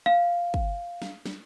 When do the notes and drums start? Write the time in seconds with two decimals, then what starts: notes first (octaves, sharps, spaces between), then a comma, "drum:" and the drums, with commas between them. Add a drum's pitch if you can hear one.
0.06 F5
0.54 drum: kick
1.02 drum: snare
1.26 drum: snare